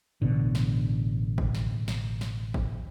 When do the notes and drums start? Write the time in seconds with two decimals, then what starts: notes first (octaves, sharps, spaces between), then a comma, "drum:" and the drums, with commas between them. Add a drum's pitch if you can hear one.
0.22 A1 B2 D3
0.55 drum: snare
1.38 drum: kick G#1
1.55 drum: snare
1.88 drum: snare
2.21 drum: snare
2.54 drum: kick G#1